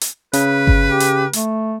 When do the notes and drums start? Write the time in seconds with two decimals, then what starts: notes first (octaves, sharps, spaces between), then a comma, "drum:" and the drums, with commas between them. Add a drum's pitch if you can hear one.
0.01 drum: hi-hat
0.33 C#3 B4, drum: hi-hat
0.67 drum: kick G1
0.89 G4
1.00 drum: hi-hat
1.33 A3, drum: hi-hat